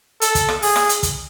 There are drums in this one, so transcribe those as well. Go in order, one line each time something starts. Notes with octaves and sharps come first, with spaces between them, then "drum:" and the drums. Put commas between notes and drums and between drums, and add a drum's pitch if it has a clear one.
A4, drum: hi-hat
drum: kick, hi-hat
drum: rim click
G#4, drum: open hi-hat
drum: rim click
drum: hi-hat
drum: kick, hi-hat